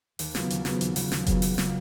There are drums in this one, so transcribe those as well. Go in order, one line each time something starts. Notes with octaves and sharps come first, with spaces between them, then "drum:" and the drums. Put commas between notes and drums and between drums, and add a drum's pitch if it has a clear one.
D#2, drum: open hi-hat
C#3 F#3 B3 F4, drum: snare
D#2, drum: hi-hat
C#3 F#3 B3 F4, drum: snare
D#2, drum: hi-hat
C#3 F#3 B3 F4, drum: open hi-hat
D#2, drum: snare
C#3 F#3 B3 F4, drum: kick F1, hi-hat
C#2, drum: open hi-hat
C#3 F#3 A#3 F4, drum: snare